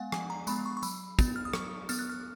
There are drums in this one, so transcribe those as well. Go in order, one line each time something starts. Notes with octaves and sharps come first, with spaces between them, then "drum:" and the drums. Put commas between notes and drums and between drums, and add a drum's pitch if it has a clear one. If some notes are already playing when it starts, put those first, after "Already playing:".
Already playing: G#3 B3 F5 F#5 G#5
F3 G#5, drum: rim click
A#5
G#3 B3 B5, drum: tambourine
C#6
C#6
F#3 B5, drum: tambourine
B3, drum: kick, tambourine
F6
D#6
F#3 C#6, drum: rim click
B3 F6, drum: tambourine
F#6
F6